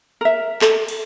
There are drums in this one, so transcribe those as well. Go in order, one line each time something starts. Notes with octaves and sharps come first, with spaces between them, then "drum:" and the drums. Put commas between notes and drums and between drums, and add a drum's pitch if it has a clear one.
A#4 E5
A4, drum: clap
drum: cymbal